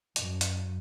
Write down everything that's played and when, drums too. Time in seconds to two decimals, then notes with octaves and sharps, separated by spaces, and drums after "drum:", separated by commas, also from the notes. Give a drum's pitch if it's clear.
0.16 F#2, drum: hi-hat
0.41 drum: hi-hat